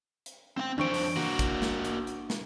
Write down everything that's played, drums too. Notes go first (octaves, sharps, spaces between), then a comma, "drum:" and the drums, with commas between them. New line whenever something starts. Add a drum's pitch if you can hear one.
drum: hi-hat
C4 F5 G5
F2 E3 D4 C5 C#6 D7
drum: open hi-hat
A#3 F#4
drum: kick, hi-hat
drum: snare
drum: hi-hat
drum: hi-hat
drum: snare